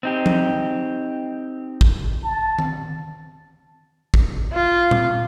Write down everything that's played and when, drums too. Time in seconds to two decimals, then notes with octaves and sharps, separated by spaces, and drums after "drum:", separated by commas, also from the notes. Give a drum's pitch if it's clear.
0.03 C4 D#4 G4
0.26 drum: tom F3
1.81 drum: kick
2.23 A5
2.59 drum: tom D#3
4.14 drum: kick
4.53 F4
4.91 drum: tom A#2